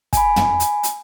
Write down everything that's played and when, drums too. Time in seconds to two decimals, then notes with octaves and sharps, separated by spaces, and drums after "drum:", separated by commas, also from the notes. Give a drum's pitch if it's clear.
0.13 G#5 B5, drum: kick, hi-hat
0.36 drum: tom
0.60 drum: hi-hat
0.83 drum: hi-hat